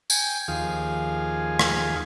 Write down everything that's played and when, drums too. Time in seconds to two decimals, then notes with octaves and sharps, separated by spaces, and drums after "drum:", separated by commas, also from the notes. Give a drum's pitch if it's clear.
0.10 G5 G#5, drum: tambourine
0.48 D#2 F3 G#4 F5
1.59 drum: rim click